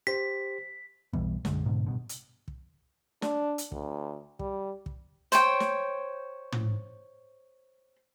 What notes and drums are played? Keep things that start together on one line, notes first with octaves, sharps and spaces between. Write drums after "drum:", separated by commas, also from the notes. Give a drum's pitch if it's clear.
G4 C5 B6
B1 E3 G3 B3, drum: kick
B1 F#2 D3 G#3, drum: snare
G#2 B2 D3
G2 B2 D3
drum: hi-hat
drum: kick
D4, drum: snare
drum: hi-hat
D2, drum: kick
G3, drum: kick
drum: kick
C5 C#5 G5, drum: hi-hat
drum: snare
drum: tom